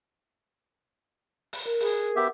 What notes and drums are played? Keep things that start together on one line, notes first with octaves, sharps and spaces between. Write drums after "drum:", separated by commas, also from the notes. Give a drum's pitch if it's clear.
drum: open hi-hat
A#4
G#4, drum: open hi-hat
B3 G4 E5